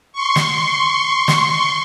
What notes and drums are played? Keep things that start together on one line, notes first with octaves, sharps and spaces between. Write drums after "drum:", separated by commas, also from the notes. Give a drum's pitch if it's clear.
C6 C#6
drum: snare
drum: snare